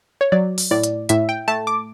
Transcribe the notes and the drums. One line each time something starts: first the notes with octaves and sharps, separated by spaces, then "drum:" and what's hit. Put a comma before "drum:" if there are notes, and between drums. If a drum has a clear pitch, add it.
C#5
F#3 D5
drum: open hi-hat
A2 D5
drum: hi-hat
A2 E5, drum: hi-hat
G5
A3 A5
D6